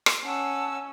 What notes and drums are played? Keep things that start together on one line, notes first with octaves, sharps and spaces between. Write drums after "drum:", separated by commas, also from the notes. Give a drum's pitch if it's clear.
drum: rim click
C#4 F#5 A5 E6